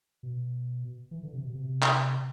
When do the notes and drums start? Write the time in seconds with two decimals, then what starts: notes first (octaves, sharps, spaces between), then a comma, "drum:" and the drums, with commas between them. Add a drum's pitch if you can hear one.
0.23 B2
1.11 E3
1.23 D3
1.33 C3
1.44 B2
1.55 C3
1.82 drum: clap